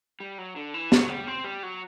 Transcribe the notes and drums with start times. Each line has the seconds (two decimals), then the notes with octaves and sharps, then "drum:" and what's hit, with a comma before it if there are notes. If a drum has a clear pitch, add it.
0.20 G3
0.38 F#3
0.56 D3
0.74 E3
0.92 F#3, drum: snare
1.09 G3
1.27 C4
1.44 G3
1.63 F#3